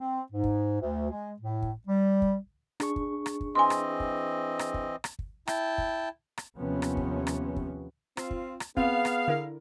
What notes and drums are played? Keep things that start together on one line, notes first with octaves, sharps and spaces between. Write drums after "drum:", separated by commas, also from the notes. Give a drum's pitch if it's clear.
C4
G#2
drum: kick
D2
G#3
A2
drum: kick
G3
drum: kick
D4 G#4 C#6, drum: rim click
drum: kick
drum: rim click
drum: kick
E3 C4 D#5 G#5 C6
drum: rim click
drum: kick
drum: rim click
drum: kick
drum: rim click
drum: kick
E4 G5 A5, drum: rim click
drum: kick
drum: rim click
D#2 C3 F3 B3 C#4
drum: rim click
drum: kick
drum: rim click
drum: kick
C4 F4, drum: rim click
drum: kick
drum: rim click
B3 C4 G#4 F5, drum: kick
drum: rim click
D3 E4 A#4